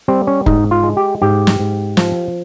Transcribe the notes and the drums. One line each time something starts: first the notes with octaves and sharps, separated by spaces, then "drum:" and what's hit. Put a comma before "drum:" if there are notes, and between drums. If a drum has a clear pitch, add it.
G3 C4
C#4
G#2 D#4, drum: kick F1
F4
G#3
G4
G#2 G4
drum: snare
G#2
F3, drum: snare